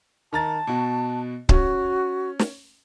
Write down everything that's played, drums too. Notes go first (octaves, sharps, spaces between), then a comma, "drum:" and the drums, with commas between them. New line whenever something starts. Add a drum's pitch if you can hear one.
D#3 A5 A#5 A6
B2 F#4
C#4 F#4, drum: kick C#1
drum: snare